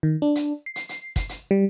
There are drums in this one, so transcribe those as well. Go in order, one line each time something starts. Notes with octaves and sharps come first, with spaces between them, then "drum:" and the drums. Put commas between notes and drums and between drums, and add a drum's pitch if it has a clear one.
D#3
D4
drum: hi-hat
C7
drum: hi-hat
drum: hi-hat
drum: kick, hi-hat
drum: hi-hat
G3